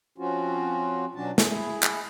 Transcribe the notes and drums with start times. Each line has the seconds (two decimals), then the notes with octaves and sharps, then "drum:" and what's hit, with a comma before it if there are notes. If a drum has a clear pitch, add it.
0.18 F3 C4 C#4 F4 F#4
1.15 B2 F#3 C#4 D4 F#4 A5
1.38 E4 G#4, drum: snare
1.83 drum: clap